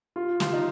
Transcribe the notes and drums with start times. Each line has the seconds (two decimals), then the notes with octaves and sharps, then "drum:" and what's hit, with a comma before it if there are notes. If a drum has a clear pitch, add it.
0.16 F4
0.40 F4, drum: snare
0.53 D#4